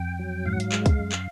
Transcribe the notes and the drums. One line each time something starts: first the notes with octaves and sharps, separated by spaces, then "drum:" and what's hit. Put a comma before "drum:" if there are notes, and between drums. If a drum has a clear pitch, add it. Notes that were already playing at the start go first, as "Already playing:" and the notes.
Already playing: F2 G5
F#3
G#2 F5
F#5
F5, drum: hi-hat
G#3, drum: clap
drum: kick, hi-hat
F#2
drum: clap